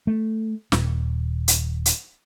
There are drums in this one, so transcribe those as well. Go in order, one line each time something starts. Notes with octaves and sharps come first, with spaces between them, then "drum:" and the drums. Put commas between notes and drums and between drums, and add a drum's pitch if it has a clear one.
A3
D#1, drum: snare
drum: hi-hat
drum: hi-hat